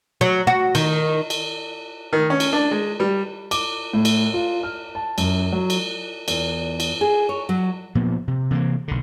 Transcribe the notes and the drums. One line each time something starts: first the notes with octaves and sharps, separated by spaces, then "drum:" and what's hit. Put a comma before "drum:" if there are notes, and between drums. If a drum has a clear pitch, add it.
F#3
F#4
D#3, drum: cymbal
drum: cymbal
D#3
C#4
drum: cymbal
D4
G#3
G3
D6, drum: cymbal
A2
drum: cymbal
F4
F6
A5
F#2, drum: cymbal
F#3
drum: cymbal
E2, drum: cymbal
drum: cymbal
G#4
C#5
F#3
A#2 F3 B3
C3
C3 E3 A3 A#3
B1 D3